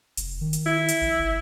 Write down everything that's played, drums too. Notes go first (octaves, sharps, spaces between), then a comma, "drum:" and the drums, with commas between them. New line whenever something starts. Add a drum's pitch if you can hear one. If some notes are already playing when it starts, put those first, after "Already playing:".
F1, drum: hi-hat
D#3
drum: hi-hat
E4
drum: hi-hat
A#1
G1